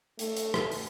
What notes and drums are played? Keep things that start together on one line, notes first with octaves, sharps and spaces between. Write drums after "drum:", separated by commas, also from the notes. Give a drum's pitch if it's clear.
A3, drum: hi-hat
drum: hi-hat
drum: rim click
drum: open hi-hat